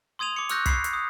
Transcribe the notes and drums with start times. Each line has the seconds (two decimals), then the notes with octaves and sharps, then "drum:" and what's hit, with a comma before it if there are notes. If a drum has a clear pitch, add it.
0.19 C6 D#6 G#6 D#7 F7
0.36 D6 C#7
0.49 C#6 D6 E6 F#6 G6 A#6, drum: hi-hat
0.66 B5 G#6 B6 C7, drum: kick, hi-hat
0.84 drum: hi-hat
0.93 D#6